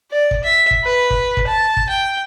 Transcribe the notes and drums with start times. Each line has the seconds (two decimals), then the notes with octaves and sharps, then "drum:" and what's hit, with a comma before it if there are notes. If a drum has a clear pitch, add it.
0.11 D5
0.31 drum: kick
0.43 E5
0.71 drum: kick
0.84 B4
1.10 drum: kick
1.37 drum: kick
1.47 A5
1.77 drum: kick
1.89 G5